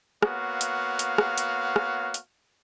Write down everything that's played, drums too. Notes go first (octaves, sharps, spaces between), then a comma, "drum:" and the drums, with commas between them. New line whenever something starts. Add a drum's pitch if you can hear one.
A#3 B3 F#4 C#5 F5, drum: rim click
drum: hi-hat
drum: hi-hat
drum: rim click
drum: hi-hat
drum: rim click
drum: hi-hat